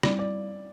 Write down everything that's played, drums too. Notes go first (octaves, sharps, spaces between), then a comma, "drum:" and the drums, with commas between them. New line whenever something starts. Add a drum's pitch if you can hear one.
G3 C4 E4 D5, drum: rim click
D5